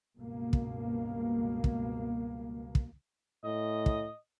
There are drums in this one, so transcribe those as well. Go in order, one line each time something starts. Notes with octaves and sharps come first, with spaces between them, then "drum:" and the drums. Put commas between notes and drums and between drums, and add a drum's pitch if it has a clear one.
C#2 G2 B2 A#3
drum: kick
drum: kick
drum: kick
A2 D#5
drum: kick